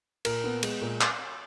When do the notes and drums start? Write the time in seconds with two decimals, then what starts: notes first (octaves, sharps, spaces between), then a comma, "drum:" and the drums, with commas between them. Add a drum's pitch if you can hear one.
0.25 A#2 A#4, drum: cymbal
0.44 B3
0.63 G#3, drum: cymbal
0.82 A#2
1.01 drum: clap